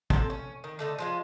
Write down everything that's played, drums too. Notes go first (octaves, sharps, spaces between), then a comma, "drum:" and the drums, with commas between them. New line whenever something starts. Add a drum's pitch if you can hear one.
C3 A4, drum: kick
C#4
D#3
D3 A3 D#4
F3 G#3 F4